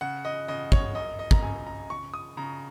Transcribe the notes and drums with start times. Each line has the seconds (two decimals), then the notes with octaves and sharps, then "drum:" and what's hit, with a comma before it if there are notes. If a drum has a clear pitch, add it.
0.01 C#3 F#5
0.25 D#5
0.48 C#3 D#5
0.72 C#5, drum: kick
0.95 F#2 D#5
1.19 D#5
1.31 A#5, drum: kick
1.43 C#3 G#5
1.67 A#5
1.90 C#3 C#6
2.14 D#6
2.37 C#3 A#5